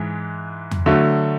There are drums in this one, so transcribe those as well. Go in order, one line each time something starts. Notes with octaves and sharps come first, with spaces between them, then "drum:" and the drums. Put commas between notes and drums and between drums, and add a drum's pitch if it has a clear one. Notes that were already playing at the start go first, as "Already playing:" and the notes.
Already playing: G#2 E3 G#3
drum: tom E2
D3 F#3 A3